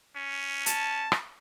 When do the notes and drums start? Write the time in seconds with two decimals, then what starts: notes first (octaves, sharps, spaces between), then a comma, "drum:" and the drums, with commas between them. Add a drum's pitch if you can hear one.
0.16 C#4
0.66 A5, drum: hi-hat
1.12 drum: rim click